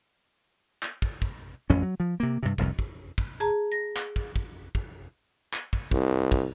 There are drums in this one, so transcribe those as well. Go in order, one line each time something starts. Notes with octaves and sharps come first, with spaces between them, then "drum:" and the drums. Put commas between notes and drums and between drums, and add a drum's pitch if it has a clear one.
drum: clap
drum: kick
drum: kick
A1 F2 C#4
F#3
F3
C3 A#3
G2 C3
F1 C2 F2, drum: kick
drum: kick
drum: kick
G#4 A5 A#5
A#6
drum: clap
drum: kick
drum: kick
drum: kick
drum: clap
drum: kick
C2, drum: kick
drum: kick